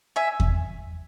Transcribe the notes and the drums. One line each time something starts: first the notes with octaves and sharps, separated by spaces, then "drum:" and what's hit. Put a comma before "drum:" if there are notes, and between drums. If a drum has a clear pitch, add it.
E5 G#5
drum: kick E2